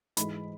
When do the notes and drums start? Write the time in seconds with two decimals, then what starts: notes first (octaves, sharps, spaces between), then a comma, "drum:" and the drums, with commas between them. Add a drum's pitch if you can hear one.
0.17 G#2 E3 G#3 B5, drum: hi-hat